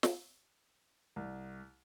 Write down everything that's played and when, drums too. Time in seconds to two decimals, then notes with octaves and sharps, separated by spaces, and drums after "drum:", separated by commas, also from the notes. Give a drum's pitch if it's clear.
0.03 drum: snare
1.16 C2